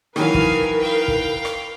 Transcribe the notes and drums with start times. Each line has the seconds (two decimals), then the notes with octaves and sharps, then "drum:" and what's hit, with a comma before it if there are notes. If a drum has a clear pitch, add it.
0.16 D#3 E3 F#3 A#4 B4 F5 G#5, drum: rim click
0.34 drum: kick
0.79 F5 G5
1.08 drum: kick
1.45 drum: rim click